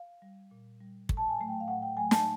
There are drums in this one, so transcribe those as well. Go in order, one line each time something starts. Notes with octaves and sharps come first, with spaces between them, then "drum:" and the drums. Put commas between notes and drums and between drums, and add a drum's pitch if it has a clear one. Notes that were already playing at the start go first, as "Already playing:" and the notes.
Already playing: F5
G3
A#2
G3
A2, drum: kick
A5
G#5
F#3 A3
G5
F5
A2 F#5
G5
F#3 A3 G#5
A5, drum: snare